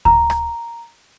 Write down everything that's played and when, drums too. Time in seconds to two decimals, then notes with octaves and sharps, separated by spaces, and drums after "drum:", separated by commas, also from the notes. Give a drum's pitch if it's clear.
0.05 A#5, drum: kick D2
0.30 drum: rim click